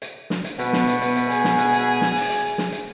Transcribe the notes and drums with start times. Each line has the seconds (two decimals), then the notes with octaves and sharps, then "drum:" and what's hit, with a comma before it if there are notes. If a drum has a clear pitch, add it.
0.02 drum: hi-hat
0.30 drum: snare
0.44 drum: hi-hat
0.59 B2 B3, drum: hi-hat
0.73 drum: snare
0.87 drum: hi-hat
1.01 drum: hi-hat
1.16 drum: hi-hat
1.31 G#4, drum: hi-hat
1.44 drum: snare
1.58 drum: hi-hat
1.73 drum: hi-hat
2.01 drum: snare
2.15 drum: open hi-hat
2.30 drum: hi-hat
2.58 drum: snare
2.72 drum: hi-hat